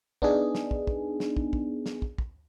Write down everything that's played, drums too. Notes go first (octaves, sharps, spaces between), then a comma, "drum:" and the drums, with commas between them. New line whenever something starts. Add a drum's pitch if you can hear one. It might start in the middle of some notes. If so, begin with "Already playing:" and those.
B3 D4 D#4 G#4, drum: kick
drum: snare
drum: kick
drum: kick
drum: snare
drum: kick
drum: kick
drum: snare
drum: kick
drum: kick